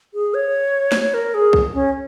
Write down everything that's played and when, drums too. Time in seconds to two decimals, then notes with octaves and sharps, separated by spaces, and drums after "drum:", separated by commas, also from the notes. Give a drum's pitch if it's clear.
0.14 G#4
0.34 C#5
0.92 drum: snare
1.14 A#4
1.34 G#4
1.53 drum: kick B1
1.74 C#4